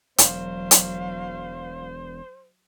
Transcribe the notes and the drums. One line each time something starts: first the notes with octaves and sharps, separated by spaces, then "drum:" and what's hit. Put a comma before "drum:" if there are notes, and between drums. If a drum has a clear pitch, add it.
E1 F#3 C5 F5, drum: hi-hat
drum: hi-hat